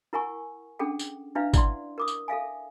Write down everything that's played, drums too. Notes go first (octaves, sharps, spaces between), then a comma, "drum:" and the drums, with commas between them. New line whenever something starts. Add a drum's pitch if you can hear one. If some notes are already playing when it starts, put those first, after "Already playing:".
E4 A#4 F#5 G#5 C#6
C#4 D4 G#4 A4 F#5 G5
drum: tambourine
D4 E4 B4 E5 F5
E4 D5 F#5 C6, drum: kick G#1, tambourine
A#4 D6 D#6
drum: tambourine
A4 E5 F5 G#5